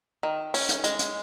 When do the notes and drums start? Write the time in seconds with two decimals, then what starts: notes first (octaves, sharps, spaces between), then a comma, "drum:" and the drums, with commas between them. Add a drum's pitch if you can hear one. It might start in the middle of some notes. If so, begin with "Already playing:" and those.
0.23 D#3
0.54 C#4, drum: open hi-hat
0.69 drum: hi-hat
0.84 G#3, drum: hi-hat
0.99 drum: hi-hat